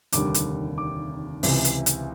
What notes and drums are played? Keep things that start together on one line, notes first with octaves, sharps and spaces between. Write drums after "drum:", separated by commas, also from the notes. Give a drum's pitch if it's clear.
F1 D#2 D3 G3 D6, drum: hi-hat
drum: hi-hat
D6
C#2 C3 E3, drum: open hi-hat
drum: hi-hat
drum: hi-hat